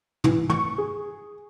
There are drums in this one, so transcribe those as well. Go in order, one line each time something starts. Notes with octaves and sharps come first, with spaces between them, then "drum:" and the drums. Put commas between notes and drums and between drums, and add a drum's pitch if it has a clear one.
E3, drum: tom
C#6, drum: tom
G#4